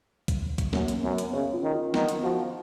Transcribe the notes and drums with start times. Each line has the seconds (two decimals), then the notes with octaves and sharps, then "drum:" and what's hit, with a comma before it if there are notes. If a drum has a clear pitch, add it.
0.28 drum: kick, hi-hat
0.58 drum: kick, hi-hat
0.73 F#2 A#3, drum: snare
0.88 drum: hi-hat
1.03 F#2 B3
1.18 drum: hi-hat
1.33 C#3 C#4
1.54 F4
1.63 D#3
1.74 F4
1.94 D#3 B3, drum: snare
2.09 drum: hi-hat
2.23 F3 F#4